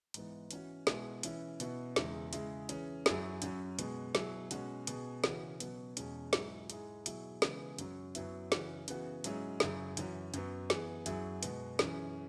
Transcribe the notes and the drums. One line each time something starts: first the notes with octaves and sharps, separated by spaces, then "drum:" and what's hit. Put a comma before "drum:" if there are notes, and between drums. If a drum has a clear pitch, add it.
G#2 E3 B3, drum: hi-hat
E3 C#4 F#4, drum: hi-hat
B2 G#3 B3 E4 G#4, drum: snare
E3 C#4 E4, drum: hi-hat
B2 B3 E4, drum: hi-hat
E2 C#3 G#3 E4, drum: snare
C#3 G#3 E4, drum: hi-hat
E3 C#4 G#4, drum: hi-hat
F#2 F#3 E4 G#4, drum: snare
F#2 F#3 C#4, drum: hi-hat
B2 G#3 B3 G#4, drum: hi-hat
B2 F#3 E4 G#4, drum: snare
B2 G#3 C#4 F#4, drum: hi-hat
B2 B3 G#4, drum: hi-hat
C#3 E3 C#4 F#4, drum: snare
B2 F#3 B3, drum: hi-hat
E2 B2 G#3 C#4 G#4, drum: hi-hat
G#2 F#3 E4 G#4, drum: snare
G#2 G#3 E4 G#4, drum: hi-hat
B2 F#3 E4 G#4, drum: hi-hat
C#3 E3 G#3 B3 G#4, drum: snare
F#2 F#3 C#4, drum: hi-hat
F#2 F#3 B3 E4, drum: hi-hat
C#3 E3 C#4 F#4, drum: snare
C#3 E3 B3 F#4, drum: hi-hat
G#2 F#3 C#4 E4 G#4, drum: hi-hat
F#2 C#3 F#3 E4 G#4, drum: snare
F#2 E3 C#4 F#4, drum: hi-hat
F#2 F#3 B3, drum: hi-hat
E3 B3 G#4, drum: snare
F#2 F#3 E4 G#4, drum: hi-hat
B2 G#3 B3, drum: hi-hat
F#2 E3 C#4 G#4, drum: snare